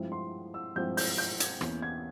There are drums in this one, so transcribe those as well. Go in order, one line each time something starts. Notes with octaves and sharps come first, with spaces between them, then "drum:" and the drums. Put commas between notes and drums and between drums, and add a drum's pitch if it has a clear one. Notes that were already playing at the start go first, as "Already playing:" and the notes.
Already playing: G2 F3 G#3 C4 E4
C6
E6
G2 F3 G#3 C4 E4 G6
G6, drum: open hi-hat
G6
G#6, drum: hi-hat
E2 E3 A#3 C#4, drum: rim click
G#6